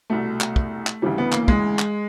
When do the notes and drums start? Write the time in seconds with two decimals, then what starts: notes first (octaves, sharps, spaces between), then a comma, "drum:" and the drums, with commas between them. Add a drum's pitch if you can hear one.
0.10 C2 B2 A3
0.41 drum: clap
0.56 drum: kick
0.87 drum: clap
1.02 D2 C#3 E3 G3
1.18 B3
1.32 A#3, drum: clap
1.48 G#3, drum: kick
1.79 drum: clap